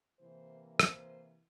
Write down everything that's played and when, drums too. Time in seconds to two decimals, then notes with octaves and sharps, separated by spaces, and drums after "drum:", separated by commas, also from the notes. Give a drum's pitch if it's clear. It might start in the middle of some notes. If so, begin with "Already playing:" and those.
0.19 C3 E3 A#3 C5
0.80 C5, drum: rim click